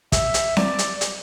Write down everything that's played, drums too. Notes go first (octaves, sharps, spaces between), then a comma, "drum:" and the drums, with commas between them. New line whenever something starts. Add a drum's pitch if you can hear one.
E5, drum: kick, hi-hat
drum: hi-hat
D5, drum: snare C4
drum: hi-hat
drum: hi-hat